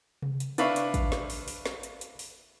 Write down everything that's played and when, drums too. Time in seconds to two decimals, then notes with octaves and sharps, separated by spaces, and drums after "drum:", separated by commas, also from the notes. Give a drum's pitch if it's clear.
0.22 drum: tom C3
0.40 drum: hi-hat
0.58 D4 E4 B4 F5 B5 C#6, drum: hi-hat
0.76 drum: hi-hat
0.94 drum: kick, hi-hat
1.12 drum: snare
1.30 drum: open hi-hat
1.48 drum: open hi-hat
1.66 drum: snare
1.83 drum: hi-hat
2.01 drum: hi-hat
2.19 drum: open hi-hat